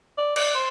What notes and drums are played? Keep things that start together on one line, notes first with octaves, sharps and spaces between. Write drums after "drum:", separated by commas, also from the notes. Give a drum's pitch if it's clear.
D5
D5, drum: cymbal
C5